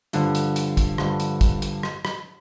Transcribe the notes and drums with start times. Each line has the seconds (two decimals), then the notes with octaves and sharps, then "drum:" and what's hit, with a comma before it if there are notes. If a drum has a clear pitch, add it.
0.13 G2 D3 F3, drum: hi-hat
0.35 drum: hi-hat
0.56 drum: hi-hat
0.77 drum: kick, hi-hat
0.98 G2 D3 F3, drum: rim click
1.20 drum: hi-hat
1.41 drum: kick, hi-hat
1.62 drum: hi-hat
1.83 drum: rim click
2.05 drum: rim click